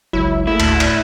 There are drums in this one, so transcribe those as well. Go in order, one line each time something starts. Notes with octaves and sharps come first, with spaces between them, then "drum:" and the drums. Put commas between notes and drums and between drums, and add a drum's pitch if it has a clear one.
G1 C#2 F#3 E4
A3 A#3 E4 G#4
D2 A2 A5, drum: cymbal
A2, drum: cymbal